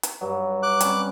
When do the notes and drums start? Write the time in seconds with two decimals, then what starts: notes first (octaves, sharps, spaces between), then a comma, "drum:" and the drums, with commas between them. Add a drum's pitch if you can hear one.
0.03 drum: hi-hat
0.21 G2 F#3
0.63 D6 F#6
0.81 G3 C4 C#4, drum: hi-hat